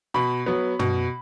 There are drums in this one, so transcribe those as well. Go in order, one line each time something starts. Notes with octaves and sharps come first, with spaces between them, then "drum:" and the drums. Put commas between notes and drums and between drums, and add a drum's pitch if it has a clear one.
B2 B5
F#3 B3
B2, drum: tom